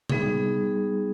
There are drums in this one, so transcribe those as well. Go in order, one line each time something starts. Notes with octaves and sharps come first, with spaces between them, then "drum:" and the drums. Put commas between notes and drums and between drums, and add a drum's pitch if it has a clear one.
G3 B3 D#4 G#4, drum: tom C3